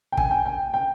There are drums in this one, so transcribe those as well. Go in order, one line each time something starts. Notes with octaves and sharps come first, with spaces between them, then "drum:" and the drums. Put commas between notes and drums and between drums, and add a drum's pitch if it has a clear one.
G5
G#5, drum: kick
G5
G5
G5